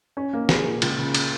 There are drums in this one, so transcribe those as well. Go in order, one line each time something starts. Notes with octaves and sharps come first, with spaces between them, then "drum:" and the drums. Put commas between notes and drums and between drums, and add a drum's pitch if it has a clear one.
C#4
A#3
G#4, drum: snare
A#2
C#2, drum: cymbal
C#3
drum: cymbal